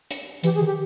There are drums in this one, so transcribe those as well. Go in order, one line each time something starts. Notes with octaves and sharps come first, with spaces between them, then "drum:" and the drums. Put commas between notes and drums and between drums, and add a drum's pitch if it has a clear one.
drum: hi-hat
E3 G4, drum: hi-hat
G#4
D#3
G4